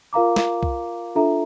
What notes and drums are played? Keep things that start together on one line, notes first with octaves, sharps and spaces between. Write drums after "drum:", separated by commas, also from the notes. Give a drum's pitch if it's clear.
F4 A#4 F5 A#5 D6
drum: snare
drum: kick C2
D4 F4 A4 E5 A#5